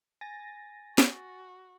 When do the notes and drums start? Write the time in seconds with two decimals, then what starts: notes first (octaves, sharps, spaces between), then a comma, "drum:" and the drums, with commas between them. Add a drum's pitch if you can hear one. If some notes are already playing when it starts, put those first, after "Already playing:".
0.21 G#5 A6 A#6
0.98 F#4, drum: snare